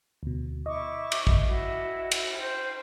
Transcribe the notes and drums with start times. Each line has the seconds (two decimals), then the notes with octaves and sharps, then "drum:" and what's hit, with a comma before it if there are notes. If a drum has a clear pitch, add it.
0.23 D2 B2
0.66 E4 D#5 C#6 D6
1.12 drum: cymbal
1.27 drum: kick A1
1.47 E4 F#4
2.11 drum: cymbal
2.36 C5 G5